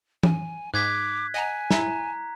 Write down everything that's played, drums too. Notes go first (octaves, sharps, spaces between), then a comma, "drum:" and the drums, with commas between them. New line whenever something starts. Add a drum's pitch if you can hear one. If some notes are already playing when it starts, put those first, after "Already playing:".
G#5, drum: tom E3
G#2 D6 F#6 G#6 B6
D#5 F#5 G#5 A#5
E4 E5 A#5, drum: snare